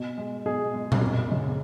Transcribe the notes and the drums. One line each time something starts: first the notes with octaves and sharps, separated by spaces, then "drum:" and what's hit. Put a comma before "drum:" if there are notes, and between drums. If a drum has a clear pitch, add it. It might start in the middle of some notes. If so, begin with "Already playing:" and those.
Already playing: B2
G#3
B2 G#4
G#3
drum: tom A#2
F#2
C#3 G#3